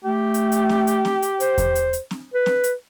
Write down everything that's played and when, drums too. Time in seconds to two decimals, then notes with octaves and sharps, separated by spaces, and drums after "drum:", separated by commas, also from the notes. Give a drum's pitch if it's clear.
0.04 A3 G4
0.34 drum: hi-hat
0.52 drum: hi-hat
0.69 drum: snare C4
0.87 drum: hi-hat
1.05 drum: snare C4
1.22 drum: hi-hat
1.40 C5, drum: hi-hat
1.58 drum: kick E2, hi-hat
1.75 drum: hi-hat
1.93 drum: hi-hat
2.11 drum: snare C4
2.34 B4
2.46 drum: snare C4
2.64 drum: hi-hat